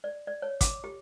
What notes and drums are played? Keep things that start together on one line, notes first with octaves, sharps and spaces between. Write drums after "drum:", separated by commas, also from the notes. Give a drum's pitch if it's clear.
D5
D5
C#5
D6, drum: kick, hi-hat
G4